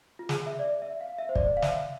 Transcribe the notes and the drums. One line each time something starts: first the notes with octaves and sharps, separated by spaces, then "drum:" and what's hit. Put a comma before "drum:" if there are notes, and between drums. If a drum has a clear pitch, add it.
F4
G#4, drum: snare
E5
D5
E5
E5
F5
E5
C5
D5, drum: kick
F5
E5, drum: snare